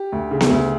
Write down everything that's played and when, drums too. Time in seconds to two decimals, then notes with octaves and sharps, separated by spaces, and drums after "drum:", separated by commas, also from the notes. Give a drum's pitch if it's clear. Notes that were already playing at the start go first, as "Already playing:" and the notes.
Already playing: G4
0.12 D2
0.31 C#3
0.41 drum: snare B3
0.50 D2